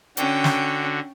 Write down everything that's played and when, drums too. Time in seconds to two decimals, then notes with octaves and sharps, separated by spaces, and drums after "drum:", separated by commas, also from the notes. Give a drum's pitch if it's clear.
0.17 D3 C#4 F#4 G5, drum: hi-hat
0.44 drum: snare